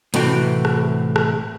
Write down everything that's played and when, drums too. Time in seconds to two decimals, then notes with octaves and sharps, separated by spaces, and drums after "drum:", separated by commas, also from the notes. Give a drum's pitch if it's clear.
0.14 A2 C3 E3 F#4 G5, drum: hi-hat
0.65 drum: rim click
1.16 drum: rim click